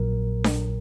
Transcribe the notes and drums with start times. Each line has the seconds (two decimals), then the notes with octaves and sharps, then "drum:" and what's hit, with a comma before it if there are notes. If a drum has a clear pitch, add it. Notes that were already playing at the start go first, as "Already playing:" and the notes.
Already playing: A#1 A#2 F#3 A#4
0.44 drum: snare D4